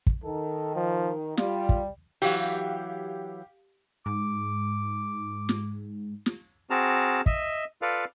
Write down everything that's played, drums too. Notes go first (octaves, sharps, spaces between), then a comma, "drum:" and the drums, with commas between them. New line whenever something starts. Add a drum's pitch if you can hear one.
drum: kick
D#3 A4
F3
G3 F4, drum: snare
drum: kick
E3 F#3 G4 F5, drum: open hi-hat
G#2 D6
drum: snare
drum: snare
C4 F#4 G#4 A5 A#5 F6
D#5 E5, drum: kick
F4 A4 B4 D5 F5